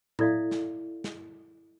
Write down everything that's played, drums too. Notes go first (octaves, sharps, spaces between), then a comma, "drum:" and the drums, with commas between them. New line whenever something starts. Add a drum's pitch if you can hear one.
E4 A4 D5 E5 F5, drum: tom A2
drum: snare
drum: snare